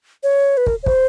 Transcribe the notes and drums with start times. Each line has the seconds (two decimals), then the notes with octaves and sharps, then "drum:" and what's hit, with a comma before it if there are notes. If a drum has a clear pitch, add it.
0.23 C#5
0.57 B4
0.67 A#4, drum: kick
0.83 C#5
0.86 C5, drum: kick